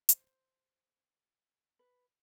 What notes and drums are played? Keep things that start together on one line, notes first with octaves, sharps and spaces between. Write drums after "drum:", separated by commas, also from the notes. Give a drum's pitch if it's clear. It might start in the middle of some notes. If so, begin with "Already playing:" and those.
C5, drum: hi-hat
B4